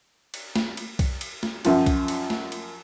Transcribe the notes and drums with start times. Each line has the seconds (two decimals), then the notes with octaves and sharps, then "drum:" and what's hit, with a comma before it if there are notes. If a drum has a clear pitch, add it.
0.34 drum: cymbal
0.56 drum: snare
0.77 drum: cymbal
0.99 drum: kick, cymbal
1.21 drum: cymbal
1.43 drum: snare
1.65 F#2 F3, drum: cymbal
1.86 drum: kick, cymbal
2.08 drum: cymbal
2.30 drum: snare
2.52 drum: cymbal